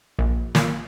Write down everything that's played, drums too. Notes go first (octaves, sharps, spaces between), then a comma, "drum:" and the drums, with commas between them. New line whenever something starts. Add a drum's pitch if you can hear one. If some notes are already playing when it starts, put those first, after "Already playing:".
A#1
A#2, drum: snare